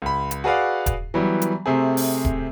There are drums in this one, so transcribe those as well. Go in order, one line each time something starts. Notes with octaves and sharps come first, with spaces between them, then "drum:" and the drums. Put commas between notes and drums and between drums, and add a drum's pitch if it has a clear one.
C#2 B5
drum: hi-hat
F#4 G#4 B4 D5 F5 F#5
drum: kick D#1, hi-hat
E3 F#3 G3 B3
drum: hi-hat
C3 A3 C4 G#4
drum: open hi-hat
drum: kick D#1